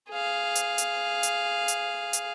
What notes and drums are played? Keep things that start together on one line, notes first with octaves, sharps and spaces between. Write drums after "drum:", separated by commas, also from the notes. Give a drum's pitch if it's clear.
G#4 F5
drum: hi-hat
drum: hi-hat
drum: hi-hat
drum: hi-hat
drum: hi-hat